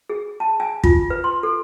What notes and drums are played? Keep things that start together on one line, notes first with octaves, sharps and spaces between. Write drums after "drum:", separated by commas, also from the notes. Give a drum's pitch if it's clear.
G#4
A5
G#5
F4, drum: kick
B4
C6
A4